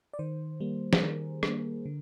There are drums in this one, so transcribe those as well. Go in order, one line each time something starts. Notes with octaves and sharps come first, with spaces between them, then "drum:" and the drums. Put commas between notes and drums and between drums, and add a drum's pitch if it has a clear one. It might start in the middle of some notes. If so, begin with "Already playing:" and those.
D5
D#3 C5
G3 A#3
G#4, drum: snare
D#3 A#4
G3, drum: rim click
A#3
D3